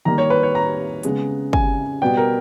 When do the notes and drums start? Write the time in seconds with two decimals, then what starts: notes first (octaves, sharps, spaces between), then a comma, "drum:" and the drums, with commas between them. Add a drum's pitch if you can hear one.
0.05 D#3 G3 A#3 A#5
0.18 C#5
0.30 B4
0.43 C#5
0.55 A#5
1.03 C#3 G#3 B3, drum: hi-hat
1.53 G#5, drum: kick
2.02 B2 G3 B3 G5
2.17 A#4